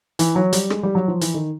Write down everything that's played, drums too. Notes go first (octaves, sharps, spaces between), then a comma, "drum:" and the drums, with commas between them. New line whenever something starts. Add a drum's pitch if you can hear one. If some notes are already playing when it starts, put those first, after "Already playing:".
E3, drum: hi-hat
F#3
G3, drum: hi-hat
G#3, drum: rim click
G3
F#3
F3
E3, drum: hi-hat
D#3